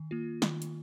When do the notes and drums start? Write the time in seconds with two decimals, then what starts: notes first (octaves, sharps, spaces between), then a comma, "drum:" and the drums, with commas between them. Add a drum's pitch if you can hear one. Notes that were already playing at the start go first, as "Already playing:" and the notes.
Already playing: D#3
0.11 A#3 F4
0.42 D#3, drum: snare
0.62 drum: hi-hat